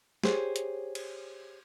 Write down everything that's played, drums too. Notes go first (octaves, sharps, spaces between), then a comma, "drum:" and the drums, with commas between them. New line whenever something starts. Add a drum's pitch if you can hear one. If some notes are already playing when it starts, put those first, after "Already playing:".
G4 G#4 C5 C#5, drum: snare
drum: hi-hat
drum: cymbal